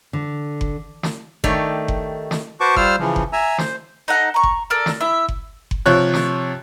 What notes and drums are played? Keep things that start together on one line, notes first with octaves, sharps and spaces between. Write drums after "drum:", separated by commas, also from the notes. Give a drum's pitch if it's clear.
D3
drum: kick F#1
drum: snare
D#3 A3 G4 C#5 D5, drum: kick F#1
drum: kick F#1
drum: snare
F#4 B4 C5 A5 C#6 D6
G3 F4 C5 E6 F6, drum: kick F#1
C#3 E3 F3
drum: kick F#1
E5 G#5 A#5 E6
C5, drum: snare
D#4 A4 F#5
A#5 C#6
drum: kick F#1
A4 A#4 D5
drum: snare
E4 E5
drum: kick F#1
drum: kick F#1
C3 F3 C#5 F#6
drum: snare